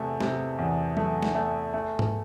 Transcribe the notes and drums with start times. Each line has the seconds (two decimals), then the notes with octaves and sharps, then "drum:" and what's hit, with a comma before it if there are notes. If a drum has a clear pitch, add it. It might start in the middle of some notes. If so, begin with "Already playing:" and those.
Already playing: E2 C3 A3
0.20 C3, drum: snare
0.59 E2
0.97 A3, drum: tom F#3
1.23 drum: snare
1.35 A3
1.74 A3
1.99 drum: tom G#2